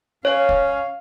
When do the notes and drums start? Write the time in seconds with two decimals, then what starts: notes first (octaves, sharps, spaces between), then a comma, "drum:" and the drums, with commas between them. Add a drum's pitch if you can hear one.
0.25 C#4 C#5 F5
0.49 drum: kick